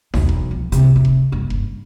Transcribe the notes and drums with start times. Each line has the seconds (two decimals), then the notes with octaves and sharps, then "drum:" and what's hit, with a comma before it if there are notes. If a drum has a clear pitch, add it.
0.14 B1 E2, drum: snare D#4
0.29 drum: kick F1
0.51 F3
0.72 C3, drum: hi-hat
0.96 C3
1.05 drum: kick F1
1.32 F#1 G2
1.50 drum: kick F1